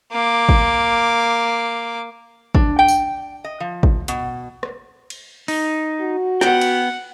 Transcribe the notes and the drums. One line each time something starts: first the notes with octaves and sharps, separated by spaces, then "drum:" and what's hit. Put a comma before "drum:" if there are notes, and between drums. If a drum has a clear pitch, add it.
A#3 D6
drum: kick
D4, drum: kick
G5
drum: tambourine
D#5
F3
drum: kick
B2, drum: hi-hat
drum: rim click
drum: cymbal
D#4, drum: open hi-hat
F#4
B3 F#5 G5, drum: snare
drum: cymbal